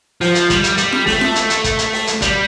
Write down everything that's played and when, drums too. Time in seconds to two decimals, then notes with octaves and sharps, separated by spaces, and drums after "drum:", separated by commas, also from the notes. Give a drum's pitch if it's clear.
0.21 F3, drum: open hi-hat
0.35 drum: hi-hat
0.50 G3, drum: kick, hi-hat
0.64 drum: hi-hat
0.78 G3, drum: hi-hat
0.92 drum: snare F4
1.07 A3, drum: kick, open hi-hat
1.21 drum: snare F4
1.36 drum: hi-hat
1.50 drum: hi-hat
1.64 drum: kick, hi-hat
1.79 drum: hi-hat
1.93 drum: open hi-hat
2.07 drum: hi-hat
2.22 G3, drum: kick, hi-hat